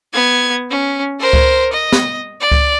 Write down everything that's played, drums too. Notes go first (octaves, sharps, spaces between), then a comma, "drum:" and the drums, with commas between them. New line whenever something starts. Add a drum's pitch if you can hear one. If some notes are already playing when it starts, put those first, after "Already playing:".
B3 G#6
C#4
A#4 C5
drum: kick C#2
D#5
drum: snare
D5
drum: kick C#2